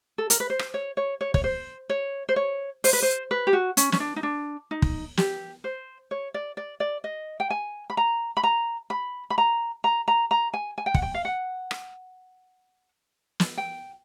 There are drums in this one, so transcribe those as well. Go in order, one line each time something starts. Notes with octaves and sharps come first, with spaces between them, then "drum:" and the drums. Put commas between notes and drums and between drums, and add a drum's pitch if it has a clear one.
A4
A#4, drum: hi-hat
B4
C5
drum: rim click
C#5
C#5
C#5
C#5, drum: kick
C5
C#5
C5
C#5
C5, drum: open hi-hat
B4
C5
B4
G4
F#4
C#4, drum: hi-hat
C#4, drum: snare
D4
D#4
D4
D#4
drum: kick
G4, drum: snare
C5
C#5
D5
D5
D5
D#5
G5
G#5
B5
A#5
B5
A#5
B5
B5
A#5
A#5
A#5
A#5
G#5
G#5
G5
F#5, drum: kick
G5
F5
F#5
drum: rim click
drum: snare
G5